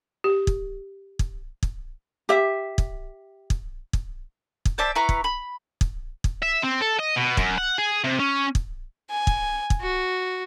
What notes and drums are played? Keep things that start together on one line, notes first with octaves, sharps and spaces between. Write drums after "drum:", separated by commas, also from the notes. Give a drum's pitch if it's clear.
G4
drum: kick
drum: kick
drum: kick
G4 E5
drum: kick
drum: kick
drum: kick
drum: kick
C5 D5 E5 A5
E4 B4 A#5 C#6
drum: kick
B5
drum: kick
drum: kick
E5
C4
A4
D#5
B2
F#2, drum: kick
F#5
G#4
C3
C#4
drum: kick
G#5
drum: kick
drum: kick
F#4